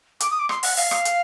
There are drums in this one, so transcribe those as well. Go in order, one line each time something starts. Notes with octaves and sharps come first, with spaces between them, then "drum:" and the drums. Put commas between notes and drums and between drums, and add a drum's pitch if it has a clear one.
D6, drum: hi-hat
D#6
D6
C6, drum: rim click
F#5, drum: open hi-hat
F5, drum: open hi-hat
drum: rim click
drum: hi-hat